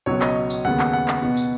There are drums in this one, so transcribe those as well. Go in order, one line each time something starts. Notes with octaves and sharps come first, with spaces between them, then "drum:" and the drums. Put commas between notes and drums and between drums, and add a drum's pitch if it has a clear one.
C#2 B2 F#3 C#5
D#5, drum: clap
drum: tambourine
D#2 C#3 G#3 B3 F#5
F#5, drum: clap
F#5
drum: clap
B2 B3
drum: tambourine